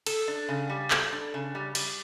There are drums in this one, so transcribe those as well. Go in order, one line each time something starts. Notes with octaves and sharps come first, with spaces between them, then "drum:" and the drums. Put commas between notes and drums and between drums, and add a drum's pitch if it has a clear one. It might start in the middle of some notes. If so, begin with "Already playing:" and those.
A4, drum: cymbal
D4
C#3
G3
A4, drum: clap
D4
C#3
G3
G3, drum: cymbal